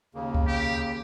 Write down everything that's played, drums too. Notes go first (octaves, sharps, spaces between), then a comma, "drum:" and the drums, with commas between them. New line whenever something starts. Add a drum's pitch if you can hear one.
D#2 C#3 A#3
drum: kick C#2
G4